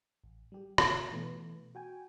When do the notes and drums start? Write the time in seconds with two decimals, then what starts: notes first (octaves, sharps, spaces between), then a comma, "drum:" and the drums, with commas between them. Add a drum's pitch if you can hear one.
0.24 A1
0.52 G3 G4
0.78 C#5 F#5, drum: rim click
1.11 B2 E3 A3 B3
1.75 F#4 G5 G#5